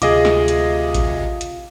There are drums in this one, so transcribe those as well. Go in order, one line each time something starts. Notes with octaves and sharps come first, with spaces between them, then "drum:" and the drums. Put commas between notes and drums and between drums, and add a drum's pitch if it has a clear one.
D2 C3 F4 G#4 D#5 D6, drum: hi-hat
drum: snare
drum: hi-hat
drum: kick A1, hi-hat
drum: hi-hat